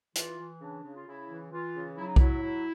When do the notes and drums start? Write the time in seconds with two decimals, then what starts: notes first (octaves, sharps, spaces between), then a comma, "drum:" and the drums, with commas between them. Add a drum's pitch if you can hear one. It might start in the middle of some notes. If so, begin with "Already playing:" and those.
0.15 E3 F4, drum: hi-hat
0.39 E3
0.61 C#3 D4
0.83 C#3
0.95 F4
1.06 C#3 E4
1.30 E3
1.52 E3 F4
1.75 C#3
1.98 F#3 E4
2.07 D#4
2.16 F#3 E4, drum: kick B1
2.42 F#3